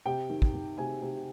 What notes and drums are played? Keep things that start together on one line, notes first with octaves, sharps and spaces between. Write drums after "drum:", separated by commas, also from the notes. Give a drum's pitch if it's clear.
C3 G5
D#3
drum: kick
D#3
C3 G#5
C3